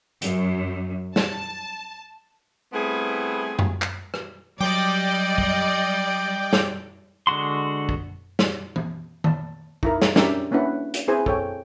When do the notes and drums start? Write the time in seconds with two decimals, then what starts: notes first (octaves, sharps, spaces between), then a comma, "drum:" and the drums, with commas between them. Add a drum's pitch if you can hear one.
0.22 F#2, drum: hi-hat
1.16 A5, drum: snare
2.73 G3 A3 B3 C4 E4 G#4
3.59 drum: tom F#2
3.82 drum: clap
4.14 drum: rim click
4.60 F#3 G3 D5 D#5 G5 D6
5.38 drum: kick
6.53 drum: snare
7.27 D3 G#3 F#4 C6
7.89 drum: kick
8.39 drum: snare
8.76 drum: tom E3
9.24 A5, drum: tom D#3
9.83 D#4 E4 A#4, drum: kick
10.02 drum: snare
10.16 C#4 D4 G4 A#4 D5 E5, drum: snare
10.51 A#3 C#4 D4 E4 B4 F#5
10.94 drum: hi-hat
11.08 C4 E4 G#4 B4 C5 G#5
11.26 A4 C#5 G5, drum: kick